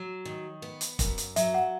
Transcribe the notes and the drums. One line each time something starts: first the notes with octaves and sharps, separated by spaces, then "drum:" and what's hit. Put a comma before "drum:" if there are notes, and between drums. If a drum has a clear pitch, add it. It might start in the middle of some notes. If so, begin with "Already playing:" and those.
Already playing: F#3
D#3
B3
drum: hi-hat
F#2, drum: kick, hi-hat
drum: hi-hat
F#3 E5, drum: hi-hat
F#5